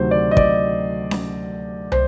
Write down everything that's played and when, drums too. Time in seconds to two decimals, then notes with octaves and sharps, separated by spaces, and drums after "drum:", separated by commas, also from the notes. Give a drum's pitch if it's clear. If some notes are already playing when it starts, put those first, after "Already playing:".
Already playing: D2 C3 D#3 F#3 C5
0.11 D5
0.31 D#5
0.37 D5, drum: kick
1.11 drum: snare C#4
1.92 C5, drum: tom